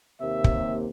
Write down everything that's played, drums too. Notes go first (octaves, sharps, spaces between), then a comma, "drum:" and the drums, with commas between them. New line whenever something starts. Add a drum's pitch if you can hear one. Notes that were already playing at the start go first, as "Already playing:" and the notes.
D#2 C3 A#3 E5
drum: kick